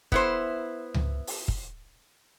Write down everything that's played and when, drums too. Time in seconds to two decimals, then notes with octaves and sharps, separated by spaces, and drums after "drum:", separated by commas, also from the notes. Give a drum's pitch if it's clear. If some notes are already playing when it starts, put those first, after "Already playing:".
0.12 B3 E4 C5, drum: kick
0.94 drum: tom C#2
1.27 drum: open hi-hat
1.48 drum: kick